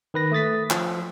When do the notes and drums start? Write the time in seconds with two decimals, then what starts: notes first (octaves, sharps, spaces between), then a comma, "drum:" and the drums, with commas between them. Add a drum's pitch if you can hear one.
0.14 D#3 B4 A#6
0.32 A3 D#6 A6 B6
0.71 F3, drum: clap